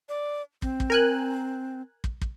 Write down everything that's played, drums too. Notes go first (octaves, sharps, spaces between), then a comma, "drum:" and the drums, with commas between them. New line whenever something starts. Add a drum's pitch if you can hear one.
D5
C4, drum: kick
drum: kick
A#4 G#5 F#6
drum: kick
drum: kick